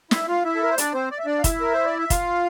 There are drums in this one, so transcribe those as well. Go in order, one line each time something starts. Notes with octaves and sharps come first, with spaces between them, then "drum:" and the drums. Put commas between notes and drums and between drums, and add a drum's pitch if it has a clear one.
E4 E5, drum: snare
F4 F5
E4 E5
A4
A#4
C5
D4 D5, drum: hi-hat
C4 C5
D5
E5
D4 D5
F5
E4 E5, drum: kick, hi-hat
A#4
C5
D5
E5
F4 F5, drum: kick, hi-hat